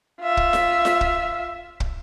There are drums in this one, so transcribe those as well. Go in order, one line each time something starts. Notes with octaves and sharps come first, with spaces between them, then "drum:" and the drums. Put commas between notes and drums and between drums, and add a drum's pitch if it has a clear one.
F4 E5
drum: kick
drum: snare F4
drum: snare F4
drum: kick
drum: kick